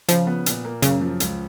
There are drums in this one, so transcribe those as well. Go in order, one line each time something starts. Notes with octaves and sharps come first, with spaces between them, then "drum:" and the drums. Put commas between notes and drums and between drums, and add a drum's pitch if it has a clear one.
C#3 F3, drum: hi-hat
B3
A#2, drum: hi-hat
A#3
F#2 C#3, drum: hi-hat
F3
C#2, drum: hi-hat